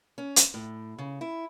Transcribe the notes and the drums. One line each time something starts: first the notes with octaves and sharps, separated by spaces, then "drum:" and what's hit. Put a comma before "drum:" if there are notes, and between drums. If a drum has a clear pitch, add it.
C#4
drum: hi-hat
A2
C#3
E4